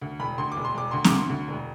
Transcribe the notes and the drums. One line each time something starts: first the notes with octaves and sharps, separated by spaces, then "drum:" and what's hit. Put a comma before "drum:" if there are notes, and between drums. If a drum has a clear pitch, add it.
D2
E1 B5
D2 C6
D6
E1
C6
E1 D6
D2 C6
D6, drum: snare C4
D2
C6
D2
E1